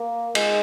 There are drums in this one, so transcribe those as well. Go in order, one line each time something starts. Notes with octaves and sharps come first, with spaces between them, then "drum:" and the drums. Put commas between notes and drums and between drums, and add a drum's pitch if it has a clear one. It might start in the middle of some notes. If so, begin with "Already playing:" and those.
Already playing: A#3
G#3, drum: cymbal